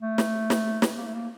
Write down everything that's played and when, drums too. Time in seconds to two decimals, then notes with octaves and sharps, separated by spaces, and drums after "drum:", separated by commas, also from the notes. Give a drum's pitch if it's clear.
0.02 A3
0.18 drum: snare
0.50 drum: snare
0.82 drum: snare
0.98 A#3
1.07 A3
1.14 A#3